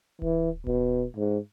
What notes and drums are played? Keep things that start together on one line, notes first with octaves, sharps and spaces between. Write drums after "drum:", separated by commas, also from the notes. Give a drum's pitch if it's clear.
E3, drum: kick D1
B2, drum: kick D1
G#2